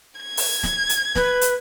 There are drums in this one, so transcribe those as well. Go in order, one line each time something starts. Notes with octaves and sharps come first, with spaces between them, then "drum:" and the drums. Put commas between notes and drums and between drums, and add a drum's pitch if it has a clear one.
G#6
drum: open hi-hat
drum: snare
drum: hi-hat
B4, drum: snare
drum: hi-hat